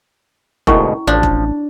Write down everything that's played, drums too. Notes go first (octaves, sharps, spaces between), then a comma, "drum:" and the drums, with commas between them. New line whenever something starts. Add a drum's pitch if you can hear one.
D2 G#2 B2 C#4 E4 A#4 C#6, drum: kick E1
A1 F3 D4
drum: kick E1